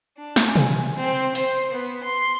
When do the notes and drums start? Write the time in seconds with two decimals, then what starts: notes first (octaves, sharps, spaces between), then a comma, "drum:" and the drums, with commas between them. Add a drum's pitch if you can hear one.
0.17 D4
0.36 drum: snare
0.46 G#5
0.56 drum: tom
0.95 C4
1.35 C5, drum: open hi-hat
1.71 B3
2.04 C6